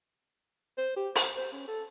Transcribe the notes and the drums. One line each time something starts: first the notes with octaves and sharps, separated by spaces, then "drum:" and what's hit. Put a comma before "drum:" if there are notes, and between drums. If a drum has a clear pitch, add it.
C5
G4
C5, drum: open hi-hat
C5
C#4
A4